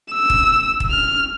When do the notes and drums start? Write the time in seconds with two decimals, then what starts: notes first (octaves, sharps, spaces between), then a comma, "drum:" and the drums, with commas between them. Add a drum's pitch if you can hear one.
0.12 E6
0.30 drum: kick
0.80 drum: kick
0.91 F6